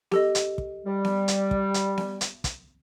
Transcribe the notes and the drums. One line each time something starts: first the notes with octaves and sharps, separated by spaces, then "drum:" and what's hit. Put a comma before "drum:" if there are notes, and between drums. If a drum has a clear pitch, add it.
G4 A4 D#5, drum: snare B3
drum: hi-hat
drum: kick
G3
drum: snare B3
drum: hi-hat
drum: kick
drum: hi-hat
drum: snare B3
drum: hi-hat
drum: kick, hi-hat